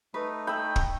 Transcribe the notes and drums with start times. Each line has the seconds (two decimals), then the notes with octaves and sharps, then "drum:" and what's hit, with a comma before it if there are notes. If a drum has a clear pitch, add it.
0.14 A3 D#4 B4
0.47 G5 B5 E6
0.76 drum: kick